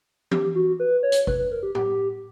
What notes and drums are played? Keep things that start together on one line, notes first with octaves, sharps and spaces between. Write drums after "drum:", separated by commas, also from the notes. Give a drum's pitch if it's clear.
G4, drum: tom E3
F#4
B4
C#5
drum: hi-hat
B4, drum: kick G#1
B4
A#4
G4
G4, drum: tom A2